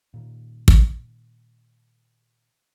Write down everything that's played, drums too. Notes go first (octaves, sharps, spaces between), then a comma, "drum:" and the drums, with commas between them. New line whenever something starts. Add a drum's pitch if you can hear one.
A#2 D#3
drum: kick